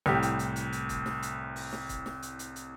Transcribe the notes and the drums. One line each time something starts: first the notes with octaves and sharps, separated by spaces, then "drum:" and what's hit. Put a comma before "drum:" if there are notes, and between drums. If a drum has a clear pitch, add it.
C2 A2 G4, drum: snare
drum: hi-hat
drum: hi-hat
drum: hi-hat
drum: hi-hat
drum: kick, hi-hat
drum: snare
drum: hi-hat
drum: open hi-hat
drum: snare
drum: kick, hi-hat
drum: snare
drum: hi-hat
drum: hi-hat
drum: hi-hat